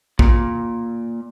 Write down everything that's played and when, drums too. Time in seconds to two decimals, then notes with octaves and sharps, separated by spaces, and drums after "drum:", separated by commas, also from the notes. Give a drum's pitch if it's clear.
0.19 A#2, drum: kick